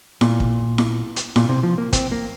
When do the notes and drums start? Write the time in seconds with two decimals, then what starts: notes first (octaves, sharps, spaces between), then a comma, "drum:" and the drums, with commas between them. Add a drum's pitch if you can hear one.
0.21 A#2, drum: snare E4
0.40 drum: kick
0.78 drum: snare E4
1.16 drum: hi-hat
1.36 A#2, drum: snare E4
1.49 C3
1.63 F3
1.78 A#3
1.93 C4, drum: kick, hi-hat
2.12 A#3